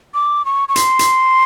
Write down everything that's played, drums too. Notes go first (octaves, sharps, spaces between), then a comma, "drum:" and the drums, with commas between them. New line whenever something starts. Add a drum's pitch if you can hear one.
D6
C#6
C#6
C6, drum: hi-hat
drum: hi-hat